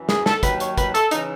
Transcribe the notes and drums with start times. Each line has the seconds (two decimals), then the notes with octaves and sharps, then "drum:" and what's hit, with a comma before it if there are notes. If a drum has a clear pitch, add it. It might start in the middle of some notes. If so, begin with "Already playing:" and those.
Already playing: F#2 E3
0.09 G#4, drum: snare
0.26 A4, drum: snare
0.43 D#2 D#3 F#3 B4, drum: kick, hi-hat
0.60 C#5, drum: hi-hat
0.78 B4, drum: kick, hi-hat
0.95 A4, drum: hi-hat
1.11 C#3 E3 D#4, drum: hi-hat